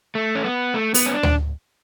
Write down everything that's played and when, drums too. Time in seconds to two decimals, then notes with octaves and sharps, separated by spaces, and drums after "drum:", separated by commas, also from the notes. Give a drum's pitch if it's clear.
0.15 A3
0.35 C#4
0.44 B3
0.74 A3
0.94 B3, drum: open hi-hat
1.06 C#4
1.14 D4
1.23 drum: tom D2